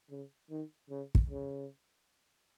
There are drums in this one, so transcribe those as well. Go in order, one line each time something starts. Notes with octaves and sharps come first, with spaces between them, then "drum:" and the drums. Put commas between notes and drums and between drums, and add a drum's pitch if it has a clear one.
C#3
D#3
C#3
drum: kick
C#3